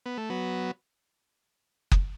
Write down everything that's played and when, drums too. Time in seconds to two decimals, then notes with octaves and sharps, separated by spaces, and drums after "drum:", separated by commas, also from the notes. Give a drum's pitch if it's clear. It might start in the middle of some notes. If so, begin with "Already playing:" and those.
0.06 B3
0.17 A3
0.30 F#3 B3
1.91 drum: kick F#1